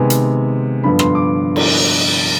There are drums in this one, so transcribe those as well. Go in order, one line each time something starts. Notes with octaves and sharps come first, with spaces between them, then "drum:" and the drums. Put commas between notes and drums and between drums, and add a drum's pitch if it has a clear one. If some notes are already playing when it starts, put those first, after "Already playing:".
Already playing: C3 D#3 G#3 B3 G#5
drum: hi-hat
G2 D3 F3 B3 B5
C6, drum: rim click
D6
drum: cymbal